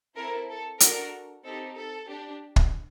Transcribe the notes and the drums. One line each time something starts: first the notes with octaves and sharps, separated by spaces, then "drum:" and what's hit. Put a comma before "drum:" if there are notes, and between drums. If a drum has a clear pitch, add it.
C4 E4 A4 A#4
A4
D4 F#4 A4 A#4, drum: hi-hat
C4 D#4 G4 A4
A4
D4 G4
drum: kick